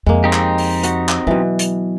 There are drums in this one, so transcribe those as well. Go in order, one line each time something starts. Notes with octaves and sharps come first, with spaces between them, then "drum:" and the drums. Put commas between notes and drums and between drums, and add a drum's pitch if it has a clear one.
F2 G#3 A#3
C4 D#4 G4
drum: clap
drum: open hi-hat
F#4, drum: hi-hat
drum: clap
B2 E3 F#3
drum: hi-hat